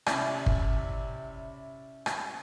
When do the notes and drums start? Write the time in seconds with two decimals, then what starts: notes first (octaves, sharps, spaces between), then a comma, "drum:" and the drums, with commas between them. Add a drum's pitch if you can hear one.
0.06 C3 C#4 E4 D5, drum: rim click
0.46 drum: kick
2.06 drum: rim click